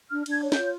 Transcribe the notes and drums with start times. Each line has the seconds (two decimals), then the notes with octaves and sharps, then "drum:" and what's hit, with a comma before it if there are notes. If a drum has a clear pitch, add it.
0.11 D4 F6
0.26 D4, drum: cymbal
0.31 G#6
0.42 C#5
0.52 G6, drum: snare
0.58 F4